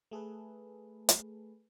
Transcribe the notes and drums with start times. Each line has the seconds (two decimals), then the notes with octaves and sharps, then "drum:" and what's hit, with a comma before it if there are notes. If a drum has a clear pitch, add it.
0.11 A3 G#4 A4 B4
1.09 drum: hi-hat